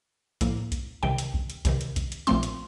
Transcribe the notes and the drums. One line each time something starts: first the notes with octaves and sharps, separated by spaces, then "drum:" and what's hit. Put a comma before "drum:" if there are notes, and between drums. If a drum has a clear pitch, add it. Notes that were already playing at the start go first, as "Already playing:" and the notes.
A2 F3 A#3, drum: kick B1, hi-hat
drum: kick B1, hi-hat
C2 C3 D#3 G5
drum: hi-hat
drum: kick B1
drum: hi-hat
C2 C3 D#3, drum: kick B1, hi-hat
drum: hi-hat
drum: kick B1, hi-hat
drum: hi-hat
A#1 A#2 F3 A3 C4 C6, drum: hi-hat
drum: hi-hat